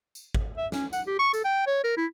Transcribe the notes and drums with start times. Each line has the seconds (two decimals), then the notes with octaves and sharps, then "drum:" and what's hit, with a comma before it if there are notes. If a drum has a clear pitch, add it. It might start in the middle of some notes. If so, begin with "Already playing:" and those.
0.15 drum: tambourine
0.35 drum: kick G#1
0.57 E5
0.72 C#4, drum: snare
0.93 F#5, drum: tambourine
1.07 G4
1.19 C#6
1.33 A4, drum: tambourine
1.45 G5
1.67 C#5
1.84 A#4
1.97 E4